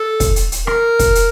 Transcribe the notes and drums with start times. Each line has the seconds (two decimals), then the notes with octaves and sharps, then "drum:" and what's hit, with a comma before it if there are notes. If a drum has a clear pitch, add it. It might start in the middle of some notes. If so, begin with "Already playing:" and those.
Already playing: A4
0.20 drum: kick, hi-hat
0.36 drum: hi-hat
0.52 drum: hi-hat
0.67 A#4, drum: rim click
0.99 drum: kick, hi-hat
1.15 drum: hi-hat